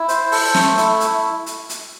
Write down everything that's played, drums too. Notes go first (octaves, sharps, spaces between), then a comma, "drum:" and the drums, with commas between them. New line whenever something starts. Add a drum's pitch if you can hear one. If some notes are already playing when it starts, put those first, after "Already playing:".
Already playing: E4
C5, drum: hi-hat
A4, drum: open hi-hat
A3, drum: snare
E4, drum: hi-hat
drum: hi-hat
drum: hi-hat
drum: hi-hat